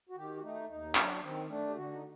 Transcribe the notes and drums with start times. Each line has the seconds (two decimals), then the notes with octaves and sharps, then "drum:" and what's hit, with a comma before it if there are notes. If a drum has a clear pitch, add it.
0.09 F#4
0.16 D#3 G4
0.36 F#4
0.42 A3 D#4
0.69 D#2 D#4
0.95 F#3 D4, drum: clap
1.22 D#3 C4
1.48 A3 D4
1.68 G4
1.75 D3 F#4
1.92 D#4